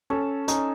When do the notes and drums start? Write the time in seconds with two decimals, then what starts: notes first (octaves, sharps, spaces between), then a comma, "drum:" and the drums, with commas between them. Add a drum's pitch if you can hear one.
0.10 C#4 A4
0.48 C#4 D#4, drum: hi-hat